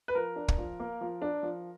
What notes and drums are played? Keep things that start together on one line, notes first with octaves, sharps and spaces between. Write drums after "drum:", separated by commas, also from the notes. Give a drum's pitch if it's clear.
B4
F3 A#4
D4
drum: kick
F3
A#3
F3
D4
F3